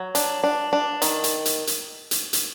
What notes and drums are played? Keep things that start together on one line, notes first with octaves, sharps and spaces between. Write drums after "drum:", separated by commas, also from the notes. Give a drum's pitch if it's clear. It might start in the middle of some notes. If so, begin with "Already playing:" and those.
Already playing: F#3
D4, drum: hi-hat
D4
D4
D#3, drum: hi-hat
drum: hi-hat
drum: hi-hat
drum: hi-hat
drum: hi-hat
drum: hi-hat